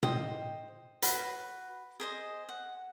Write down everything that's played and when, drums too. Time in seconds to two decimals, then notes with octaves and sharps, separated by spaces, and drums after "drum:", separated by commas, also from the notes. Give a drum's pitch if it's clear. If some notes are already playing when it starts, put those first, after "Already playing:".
0.03 C5 D#5 G5, drum: tom
1.02 F#4 B4, drum: hi-hat
2.00 G#4 C5 D#5
2.49 F#5